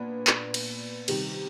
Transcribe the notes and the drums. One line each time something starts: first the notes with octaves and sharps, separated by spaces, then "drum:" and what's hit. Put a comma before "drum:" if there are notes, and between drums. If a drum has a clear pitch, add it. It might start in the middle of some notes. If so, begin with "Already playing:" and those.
Already playing: A#2 B3 D4 B4
drum: clap
drum: cymbal
C3 D#3 G3, drum: cymbal